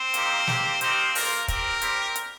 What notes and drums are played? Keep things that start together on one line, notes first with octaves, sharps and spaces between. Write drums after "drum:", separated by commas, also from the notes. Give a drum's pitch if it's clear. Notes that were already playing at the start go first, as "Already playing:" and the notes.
Already playing: C4 C5
A#3 D#4 G4, drum: hi-hat
A#3 G4, drum: snare
A#3 C4 D#4 G4 C5, drum: hi-hat
A#3 F4 A#4, drum: open hi-hat
C4 G4 A#4, drum: kick, hi-hat
G3 C4 G4, drum: hi-hat
drum: hi-hat